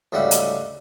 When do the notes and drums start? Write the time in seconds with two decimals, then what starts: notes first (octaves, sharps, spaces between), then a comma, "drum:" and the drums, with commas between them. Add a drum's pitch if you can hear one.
0.12 D2 G#2 C#3 G3 E5 F#5
0.31 drum: hi-hat